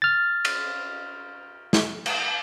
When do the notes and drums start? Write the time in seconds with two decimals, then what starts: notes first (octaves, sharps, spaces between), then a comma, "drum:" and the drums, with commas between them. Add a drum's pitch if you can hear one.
0.02 F6 A6
0.45 drum: cymbal
1.73 drum: snare
2.06 drum: cymbal